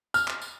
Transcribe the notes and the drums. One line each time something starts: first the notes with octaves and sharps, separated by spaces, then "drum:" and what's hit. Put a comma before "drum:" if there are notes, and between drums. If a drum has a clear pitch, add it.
F6, drum: tambourine
drum: clap
drum: tambourine